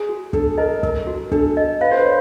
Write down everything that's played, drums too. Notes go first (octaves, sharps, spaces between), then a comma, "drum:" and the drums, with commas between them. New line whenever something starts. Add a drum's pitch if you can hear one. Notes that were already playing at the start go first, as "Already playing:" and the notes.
Already playing: G#4
F#4
D4 A4, drum: kick
A#4 D#5
A#4, drum: kick
F#4
D4 A4, drum: kick
D#5
B4 F5
C5
B4
C#5